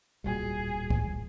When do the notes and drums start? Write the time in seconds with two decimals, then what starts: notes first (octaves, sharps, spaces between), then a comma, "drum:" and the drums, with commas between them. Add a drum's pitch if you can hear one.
0.24 D1 B1 A#2 G3 F#4 G#4
0.90 drum: kick